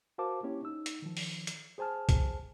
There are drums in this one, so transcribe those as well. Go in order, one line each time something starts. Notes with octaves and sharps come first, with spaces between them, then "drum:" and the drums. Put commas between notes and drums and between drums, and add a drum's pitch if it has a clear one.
F#4 A#4 C5 F5 A5 D6
A#3 C#4 E4 G4 C#5
D#4 E6
drum: hi-hat
D#3 F3
drum: open hi-hat
drum: hi-hat
G#4 C5 G#5 A5 F6
drum: kick, hi-hat